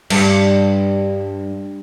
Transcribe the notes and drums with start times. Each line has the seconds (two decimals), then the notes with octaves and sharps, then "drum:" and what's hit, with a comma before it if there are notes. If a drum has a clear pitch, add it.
0.10 G2, drum: cymbal